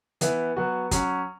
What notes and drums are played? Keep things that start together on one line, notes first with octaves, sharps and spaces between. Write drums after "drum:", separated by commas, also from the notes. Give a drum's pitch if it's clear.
E3 B3 E4, drum: hi-hat
F#3 B3 F#4
F#3 C#4 F#4, drum: kick, hi-hat